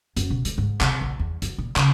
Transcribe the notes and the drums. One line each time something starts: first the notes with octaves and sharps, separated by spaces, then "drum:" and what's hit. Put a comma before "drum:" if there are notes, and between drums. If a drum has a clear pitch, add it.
F#2, drum: hi-hat
B2
G#3, drum: hi-hat
G#2
C3, drum: clap
A#1
E2
F#2, drum: hi-hat
A#2
C#3, drum: clap